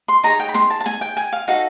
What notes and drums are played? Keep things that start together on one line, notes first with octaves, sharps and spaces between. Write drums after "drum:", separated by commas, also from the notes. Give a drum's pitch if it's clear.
C6
D#4 G#4 C#5 A#5, drum: hi-hat
G5
B5
C6, drum: snare
A5
A5
G#5, drum: snare
G5
G#5, drum: hi-hat
F5
D#4 F#4 A4 F5, drum: hi-hat